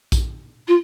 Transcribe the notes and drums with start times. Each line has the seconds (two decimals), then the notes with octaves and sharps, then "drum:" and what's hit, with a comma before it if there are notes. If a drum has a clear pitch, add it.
0.12 drum: kick A#1, tambourine
0.67 F4